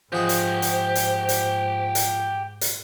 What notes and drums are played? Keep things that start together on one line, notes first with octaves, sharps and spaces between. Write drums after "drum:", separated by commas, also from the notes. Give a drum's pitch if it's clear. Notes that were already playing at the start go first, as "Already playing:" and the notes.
G#2 F3 G4 G#4 C5 D#5 F#5
drum: hi-hat
drum: hi-hat
drum: hi-hat
drum: hi-hat
drum: hi-hat
drum: hi-hat